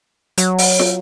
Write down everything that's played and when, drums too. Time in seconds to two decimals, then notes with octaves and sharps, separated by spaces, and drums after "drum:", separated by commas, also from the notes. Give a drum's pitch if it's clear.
0.38 F#3, drum: hi-hat
0.58 drum: open hi-hat
0.79 drum: snare